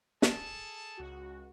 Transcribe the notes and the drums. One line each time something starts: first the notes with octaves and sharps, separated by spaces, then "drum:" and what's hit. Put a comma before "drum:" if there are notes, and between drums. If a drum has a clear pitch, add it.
G#4 A4 A5, drum: snare
C#2 F#4